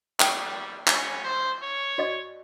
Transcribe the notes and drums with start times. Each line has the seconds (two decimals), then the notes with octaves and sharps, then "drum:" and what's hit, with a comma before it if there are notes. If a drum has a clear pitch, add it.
0.20 G3 G5, drum: clap
0.87 C#4, drum: clap
1.24 C5
1.62 C#5
1.98 F#4 D5 D#5